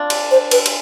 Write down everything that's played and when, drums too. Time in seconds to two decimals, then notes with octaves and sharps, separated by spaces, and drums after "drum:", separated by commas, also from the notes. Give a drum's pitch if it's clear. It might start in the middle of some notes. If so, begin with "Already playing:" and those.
Already playing: D4 F4
0.10 drum: cymbal
0.31 C5
0.51 B4, drum: cymbal
0.66 drum: cymbal